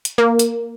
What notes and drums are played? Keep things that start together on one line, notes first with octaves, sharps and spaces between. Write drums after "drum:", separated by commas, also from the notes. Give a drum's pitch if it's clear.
drum: hi-hat
A#3
drum: hi-hat